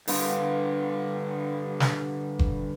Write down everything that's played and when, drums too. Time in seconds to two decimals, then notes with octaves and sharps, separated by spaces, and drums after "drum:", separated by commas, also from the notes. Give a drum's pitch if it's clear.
0.08 G2 D3 B3 F4, drum: open hi-hat
1.80 drum: snare
2.39 drum: kick F#1